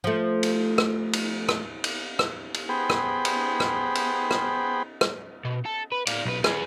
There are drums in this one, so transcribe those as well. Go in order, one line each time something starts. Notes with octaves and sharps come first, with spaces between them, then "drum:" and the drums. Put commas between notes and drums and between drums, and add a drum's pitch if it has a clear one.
F3 A3
drum: cymbal
drum: rim click
drum: cymbal
drum: rim click
drum: cymbal
drum: rim click
drum: cymbal
B3 G#4 C5 G5 B5
drum: rim click
drum: cymbal
drum: rim click
drum: cymbal
drum: rim click
drum: rim click
B2
A4
B4
D5 F5, drum: cymbal
B1 B4
G#4 B4, drum: rim click